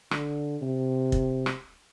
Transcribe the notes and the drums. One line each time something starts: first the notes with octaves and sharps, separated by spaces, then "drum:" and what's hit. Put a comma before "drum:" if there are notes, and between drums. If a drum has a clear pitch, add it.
D3, drum: rim click
C3
drum: kick
drum: rim click